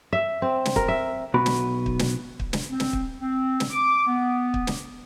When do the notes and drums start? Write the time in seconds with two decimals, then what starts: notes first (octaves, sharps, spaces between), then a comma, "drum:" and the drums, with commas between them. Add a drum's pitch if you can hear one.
0.13 E5
0.42 C4
0.65 drum: snare
0.76 A#4, drum: kick
0.88 E5
1.34 B1 B3 F#4 B5
1.46 drum: snare
1.86 drum: kick
1.99 drum: snare
2.40 drum: kick
2.53 drum: snare
2.69 C4
2.80 drum: snare
2.93 drum: kick
3.20 C4
3.60 drum: snare
3.71 D6
4.07 B3
4.54 drum: kick
4.67 drum: snare